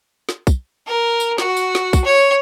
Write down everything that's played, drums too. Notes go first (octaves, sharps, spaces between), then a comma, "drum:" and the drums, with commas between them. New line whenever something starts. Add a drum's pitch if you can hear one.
drum: snare
drum: kick, tambourine
A#4
drum: tambourine
F#4, drum: snare
drum: tambourine
drum: snare
drum: kick, tambourine
C#5